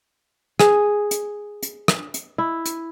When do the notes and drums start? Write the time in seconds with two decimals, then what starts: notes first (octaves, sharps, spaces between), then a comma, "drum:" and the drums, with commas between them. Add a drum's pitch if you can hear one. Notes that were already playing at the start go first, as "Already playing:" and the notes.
0.60 G#4, drum: rim click
1.11 drum: hi-hat
1.63 drum: hi-hat
1.88 drum: rim click
2.14 drum: hi-hat
2.38 E4
2.66 drum: hi-hat